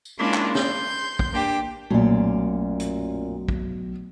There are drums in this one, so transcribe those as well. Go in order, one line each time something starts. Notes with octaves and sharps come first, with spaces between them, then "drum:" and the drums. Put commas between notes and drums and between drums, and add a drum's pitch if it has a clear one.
drum: tambourine
G#3 A#3 C#4 D4 E4 F4
drum: clap
C6 G6, drum: snare
drum: kick
A#3 D4 G4
B1 F#2 A#2 A3 C#4 D5
drum: hi-hat
drum: kick